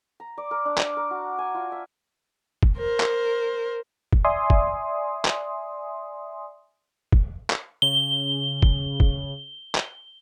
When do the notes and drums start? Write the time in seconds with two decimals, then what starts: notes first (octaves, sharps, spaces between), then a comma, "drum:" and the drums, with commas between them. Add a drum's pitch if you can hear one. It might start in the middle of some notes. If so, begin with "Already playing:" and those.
0.20 A#5
0.38 D5
0.51 A#4
0.65 D4
0.78 D6, drum: clap
0.97 A#4
1.11 F#4
1.38 G#5
1.55 F4
1.72 E5
2.63 drum: kick
2.78 A#4 C5
3.00 drum: clap
4.13 drum: kick
4.25 D5 E5 G#5 C6 D#6
4.50 drum: kick
5.25 drum: clap
7.12 drum: kick
7.50 drum: clap
7.82 C#3 G7
8.62 drum: kick
9.00 drum: kick
9.75 drum: clap